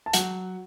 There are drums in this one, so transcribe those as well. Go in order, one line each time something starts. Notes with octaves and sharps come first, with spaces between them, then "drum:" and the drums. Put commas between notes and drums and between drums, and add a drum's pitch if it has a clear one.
A5
F#3 F#5, drum: hi-hat